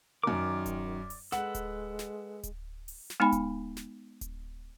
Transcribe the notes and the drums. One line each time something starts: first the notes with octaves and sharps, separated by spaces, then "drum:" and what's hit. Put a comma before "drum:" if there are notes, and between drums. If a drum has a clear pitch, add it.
F#2 D#3 A#4 D5 D6
drum: kick D1, hi-hat
drum: open hi-hat
G#3 A4 B4 F#5, drum: snare
drum: kick D1, hi-hat
drum: snare
drum: kick D1, hi-hat
drum: open hi-hat
drum: snare
G#3 B3 D#4 G#5 B5
drum: kick D1, hi-hat
drum: snare
drum: kick D1, hi-hat